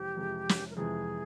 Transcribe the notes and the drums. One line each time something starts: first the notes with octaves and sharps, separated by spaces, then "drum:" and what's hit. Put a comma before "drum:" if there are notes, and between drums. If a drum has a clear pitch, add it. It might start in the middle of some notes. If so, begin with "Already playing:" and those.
Already playing: F2 C3 E3 G#3 G4
F2 C3 E3 G#3
drum: snare
A#4
F2 C3 E3 G#3 G#4